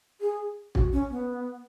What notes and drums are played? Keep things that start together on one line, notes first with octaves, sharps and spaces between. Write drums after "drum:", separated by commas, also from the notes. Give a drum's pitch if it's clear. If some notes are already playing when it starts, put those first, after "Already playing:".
G#4
F#4, drum: kick
C#4
B3